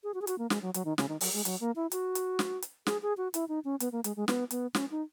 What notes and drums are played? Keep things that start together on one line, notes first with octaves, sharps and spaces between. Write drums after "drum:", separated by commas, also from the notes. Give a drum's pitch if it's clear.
G#4
F#4
G#4
F#4, drum: hi-hat
A#3
G#3, drum: snare
F#3
F#3, drum: hi-hat
D#3
C#3, drum: snare
D#3
F#3, drum: open hi-hat
G#3
F#3, drum: hi-hat
A#3
E4
F#4, drum: hi-hat
drum: hi-hat
drum: snare
drum: hi-hat
G#4, drum: snare
G#4
F#4
E4, drum: hi-hat
D#4
C#4
B3, drum: hi-hat
A#3
G#3, drum: hi-hat
G#3
B3, drum: snare
B3, drum: hi-hat
C#4, drum: snare
D#4